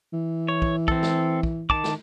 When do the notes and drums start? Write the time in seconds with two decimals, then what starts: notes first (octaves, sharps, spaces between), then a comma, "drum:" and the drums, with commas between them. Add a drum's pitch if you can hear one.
0.13 E3
0.48 C#5
0.62 drum: kick
0.88 C4 A4, drum: kick
1.03 drum: snare
1.43 drum: kick
1.70 D#3 A5 D6, drum: kick
1.84 drum: snare